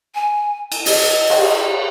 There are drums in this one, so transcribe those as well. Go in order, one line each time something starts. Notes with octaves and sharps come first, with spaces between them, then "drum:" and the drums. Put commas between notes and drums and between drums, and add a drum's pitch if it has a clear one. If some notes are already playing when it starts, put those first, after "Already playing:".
G#5
drum: cymbal
D#5, drum: open hi-hat
drum: cymbal